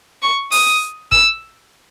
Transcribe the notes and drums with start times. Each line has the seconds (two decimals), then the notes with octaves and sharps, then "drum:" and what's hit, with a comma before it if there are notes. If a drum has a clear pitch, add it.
0.22 C#6
0.52 D#6, drum: open hi-hat
1.12 E6, drum: kick